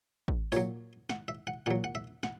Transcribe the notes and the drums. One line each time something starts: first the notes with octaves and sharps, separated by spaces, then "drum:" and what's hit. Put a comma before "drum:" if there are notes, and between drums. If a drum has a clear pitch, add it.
drum: kick
A#2 F#3 C#5, drum: tambourine
F#5, drum: snare
E5
F#5
A#2 F#3 F#5
F#5
E5
F#5, drum: snare